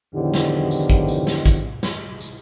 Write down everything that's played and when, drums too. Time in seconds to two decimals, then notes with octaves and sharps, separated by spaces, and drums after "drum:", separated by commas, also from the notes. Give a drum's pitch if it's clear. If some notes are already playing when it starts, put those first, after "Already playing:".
0.15 E2 A2 D3 D#3 F3 G4
0.34 drum: snare
0.71 drum: tambourine
0.90 drum: kick
1.08 drum: tambourine
1.27 drum: snare
1.46 drum: kick, tambourine
1.83 drum: snare
2.20 drum: tambourine